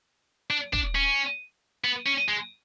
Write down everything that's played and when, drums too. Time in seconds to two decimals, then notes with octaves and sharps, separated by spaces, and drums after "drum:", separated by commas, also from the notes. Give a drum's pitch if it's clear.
0.50 D4
0.73 D4, drum: kick
0.95 C#4
1.84 B3
2.06 C#4
2.28 G#3